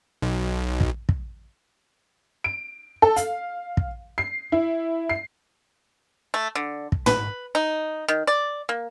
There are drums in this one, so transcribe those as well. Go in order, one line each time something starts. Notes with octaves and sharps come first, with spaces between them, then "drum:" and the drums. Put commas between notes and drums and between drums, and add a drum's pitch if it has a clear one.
B1
drum: kick
drum: kick
D7
A4
F5, drum: hi-hat
drum: kick
C7
E4
C7
A3
D3
drum: kick
B4, drum: tom
D#4
D#3
D5
A#3